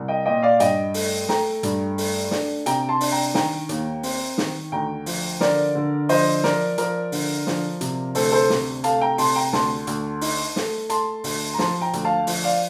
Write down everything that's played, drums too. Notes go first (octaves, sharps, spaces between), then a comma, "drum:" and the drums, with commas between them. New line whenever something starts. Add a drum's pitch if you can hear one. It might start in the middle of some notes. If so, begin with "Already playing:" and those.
Already playing: C2
D#5 G5
A#2 D#5 G5
D5 F5
G2 D#5 G5, drum: hi-hat
A3, drum: open hi-hat
A3 G5 A#5, drum: snare
G2, drum: hi-hat
A3, drum: open hi-hat
D4, drum: snare
C3 G5 A#5, drum: hi-hat
A5 C6
D4, drum: open hi-hat
G5 A#5
D#3 G5 A#5, drum: snare
D#2, drum: hi-hat
C4, drum: open hi-hat
D#3, drum: snare
D2 G5 A#5
F3, drum: open hi-hat
D3 A#4 D5, drum: snare
D3
F3 C5 D#5, drum: open hi-hat
F3 A#4 D5, drum: snare
F3 A#4 D5, drum: hi-hat
D3, drum: open hi-hat
F3, drum: snare
C3, drum: hi-hat
D2 A4 C5, drum: open hi-hat
A4 C5
C3, drum: snare
A3 F5 A5, drum: hi-hat
G5 A#5
C3 A5 C6, drum: open hi-hat
G5 A#5
D2 A5 C6, drum: snare
D2, drum: hi-hat
D#4, drum: open hi-hat
A3, drum: snare
A3 A5 C6, drum: hi-hat
D2, drum: open hi-hat
A#5
F3 A5 C6, drum: snare
G5 A#5
D2, drum: hi-hat
F5 A5
F3, drum: open hi-hat
D5 F5